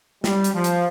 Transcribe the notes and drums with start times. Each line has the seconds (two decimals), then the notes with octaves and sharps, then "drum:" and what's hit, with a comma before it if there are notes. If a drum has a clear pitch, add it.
0.24 G3, drum: snare
0.44 drum: hi-hat
0.54 F3
0.64 drum: hi-hat